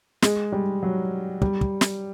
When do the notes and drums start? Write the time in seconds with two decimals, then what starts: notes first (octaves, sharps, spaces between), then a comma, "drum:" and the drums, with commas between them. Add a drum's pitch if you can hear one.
0.22 G#3, drum: snare
0.52 G3
0.83 F#3
1.42 G3, drum: kick
1.61 drum: kick
1.81 drum: snare